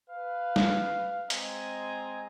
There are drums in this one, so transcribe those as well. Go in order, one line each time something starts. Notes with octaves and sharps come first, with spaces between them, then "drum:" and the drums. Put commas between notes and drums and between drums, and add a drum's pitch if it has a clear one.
B4 F5
drum: snare
G#3 C4 D#5 G#5 A#5, drum: hi-hat